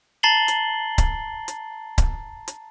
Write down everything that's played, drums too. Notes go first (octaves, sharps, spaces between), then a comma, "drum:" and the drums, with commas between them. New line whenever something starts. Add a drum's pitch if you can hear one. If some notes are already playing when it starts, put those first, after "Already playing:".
A5 A#5 A6 C7 F#7 G7
drum: hi-hat
drum: kick C#1, hi-hat
drum: hi-hat
drum: kick C#1, hi-hat
drum: hi-hat